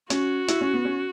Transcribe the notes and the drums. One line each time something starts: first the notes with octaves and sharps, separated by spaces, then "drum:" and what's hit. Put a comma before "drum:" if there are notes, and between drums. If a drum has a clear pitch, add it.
C#4 F#4, drum: hi-hat
E4, drum: hi-hat
C#4
B3
C#4